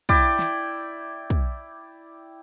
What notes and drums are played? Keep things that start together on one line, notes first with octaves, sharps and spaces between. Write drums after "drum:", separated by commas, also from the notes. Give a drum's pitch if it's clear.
E4 D5 G5, drum: kick
drum: snare
drum: kick